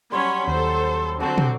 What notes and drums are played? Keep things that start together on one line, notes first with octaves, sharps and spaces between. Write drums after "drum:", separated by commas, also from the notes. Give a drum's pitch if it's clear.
F#3 G3 C#4 C#5 B5 C6
D#2 A4 C5
D3 F#3 C4 F#4 A5
drum: tom